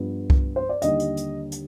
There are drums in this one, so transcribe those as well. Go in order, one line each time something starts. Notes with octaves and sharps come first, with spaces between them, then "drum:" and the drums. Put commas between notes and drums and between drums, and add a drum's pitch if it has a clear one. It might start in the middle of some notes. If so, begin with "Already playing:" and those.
Already playing: G2 F3 B3
drum: kick C2
C5
D5
D#2 D3 G3 D#5, drum: hi-hat
drum: hi-hat
drum: hi-hat
drum: hi-hat